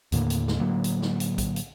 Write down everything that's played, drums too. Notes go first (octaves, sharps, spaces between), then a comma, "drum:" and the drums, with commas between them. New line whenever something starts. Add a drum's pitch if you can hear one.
D#2 A2 D3 A#3, drum: hi-hat
drum: hi-hat
drum: snare
A2 D3 F#3 A#3
drum: hi-hat
drum: snare
drum: hi-hat
drum: kick A#1, hi-hat
drum: hi-hat